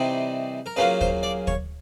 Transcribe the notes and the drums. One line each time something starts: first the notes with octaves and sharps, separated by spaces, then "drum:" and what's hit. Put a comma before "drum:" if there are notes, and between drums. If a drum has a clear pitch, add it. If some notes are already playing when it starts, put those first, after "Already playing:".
Already playing: C3 E3 G3 C4 D#4
A#4
C#3 F#3 A#3 C#4 F4 B4
C5, drum: kick
D5
C#5, drum: kick